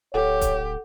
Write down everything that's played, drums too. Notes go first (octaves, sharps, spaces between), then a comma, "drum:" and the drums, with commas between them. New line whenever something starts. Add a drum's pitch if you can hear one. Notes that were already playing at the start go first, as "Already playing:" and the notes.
D1 G4 A4 C#5 F#5
drum: kick, hi-hat